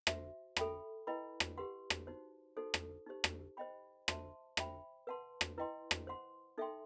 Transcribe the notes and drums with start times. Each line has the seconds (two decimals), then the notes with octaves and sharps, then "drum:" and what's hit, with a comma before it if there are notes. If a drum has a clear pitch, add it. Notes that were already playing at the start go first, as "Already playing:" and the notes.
0.07 F#4 C5 E5, drum: rim click
0.57 A4 E5 G5 B5, drum: rim click
1.07 E4 B4 D#5 G5 B5
1.40 drum: rim click
1.58 G4 B4 F#5 C6
1.90 drum: rim click
2.07 D#4 F#4 C5
2.57 D#4 F#4 A4 C5
2.74 drum: rim click
3.07 D#4 G4 C5
3.24 drum: rim click
3.57 C5 D#5 G5 B5
4.08 C5 E5 A5 C6, drum: rim click
4.57 C5 E5 G5 B5, drum: rim click
5.07 B4 F#5 A5 C6
5.41 drum: rim click
5.58 E4 B4 D#5 G5 C6
5.91 drum: rim click
6.07 C5 F#5 C6
6.58 D#4 A4 E5 G5 C6